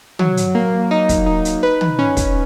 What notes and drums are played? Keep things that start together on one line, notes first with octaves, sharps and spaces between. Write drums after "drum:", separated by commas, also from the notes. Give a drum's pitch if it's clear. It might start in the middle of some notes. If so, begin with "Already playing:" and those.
F#3, drum: tom
drum: hi-hat
A#3
D#4
drum: kick, hi-hat
D#4
drum: hi-hat
B4
drum: tom
C#4
drum: kick, hi-hat